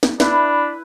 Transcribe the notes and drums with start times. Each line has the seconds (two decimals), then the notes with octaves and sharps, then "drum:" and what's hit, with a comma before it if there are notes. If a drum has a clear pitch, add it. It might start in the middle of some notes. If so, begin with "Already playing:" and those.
0.03 drum: snare
0.20 D4 E4 B4 B5, drum: snare